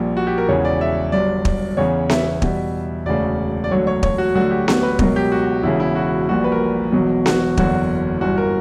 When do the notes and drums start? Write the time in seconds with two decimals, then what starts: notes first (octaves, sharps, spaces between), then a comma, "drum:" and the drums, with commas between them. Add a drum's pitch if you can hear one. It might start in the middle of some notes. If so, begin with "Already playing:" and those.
Already playing: A#1 A#2 G3
0.17 F#4
0.27 G4
0.38 A#4
0.48 E1 E2 C#3 E3 C#5
0.65 D5
0.81 E5
1.12 G1 G2 F#3 D5
1.45 drum: kick
1.77 E2 C#3 E3 C#5
2.09 E5, drum: snare B3
2.42 E2 B2 G3, drum: kick
3.06 E1 D2 C#3 D5
3.64 D5
3.71 E1 D2 D3 F#3 C#5
3.87 C#5
4.03 C#5, drum: kick
4.18 F#4
4.35 D2 D3 F#3 F#4
4.51 G4
4.68 F#4, drum: snare B3
4.83 B4
4.99 C#2 B2 F#3 A#4, drum: kick
5.16 G4
5.32 F#4
5.63 E1 E2 C#3 E4
5.80 E4
5.96 F#4
6.28 A#1 A#2 G3 F#4
6.44 B4
6.52 A#4
6.92 E1 E2 B2 F#3
7.26 F#4, drum: snare B3
7.57 F#1 E2 D3 F#3 F#4, drum: kick
8.21 G1 G2 E3 F#4
8.38 A#4